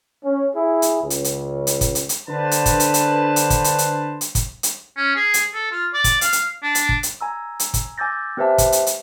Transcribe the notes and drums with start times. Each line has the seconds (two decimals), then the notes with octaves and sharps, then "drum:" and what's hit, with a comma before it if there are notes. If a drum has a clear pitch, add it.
0.23 C#4
0.54 E4 G#4
0.82 drum: hi-hat
1.01 C#2
1.10 drum: hi-hat
1.24 drum: hi-hat
1.67 drum: hi-hat
1.81 drum: kick, hi-hat
1.95 drum: hi-hat
2.09 drum: hi-hat
2.29 D3 B4 C5 A5
2.51 drum: hi-hat
2.66 drum: kick, hi-hat
2.80 drum: hi-hat
2.94 drum: hi-hat
3.36 drum: hi-hat
3.50 drum: kick, hi-hat
3.64 drum: hi-hat
3.78 drum: hi-hat
4.21 drum: hi-hat
4.35 drum: kick, hi-hat
4.63 drum: hi-hat
4.97 C#4
5.16 G#4
5.34 drum: hi-hat
5.54 A4
5.72 F4
5.94 D5
6.04 drum: kick, hi-hat
6.21 F5, drum: hi-hat
6.32 drum: hi-hat
6.63 D4
6.75 drum: hi-hat
6.89 drum: kick
7.03 drum: hi-hat
7.21 G#5 A#5 E6
7.60 drum: hi-hat
7.74 drum: kick, hi-hat
7.98 G#5 D6 E6 G6 A6 A#6
8.37 C4 G4 B4 C5 E5 A5
8.58 drum: kick, hi-hat
8.72 drum: hi-hat
8.87 drum: hi-hat